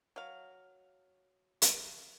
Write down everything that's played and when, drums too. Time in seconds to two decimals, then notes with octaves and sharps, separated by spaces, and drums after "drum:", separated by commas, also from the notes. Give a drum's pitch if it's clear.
0.16 F#3 F5
1.62 drum: hi-hat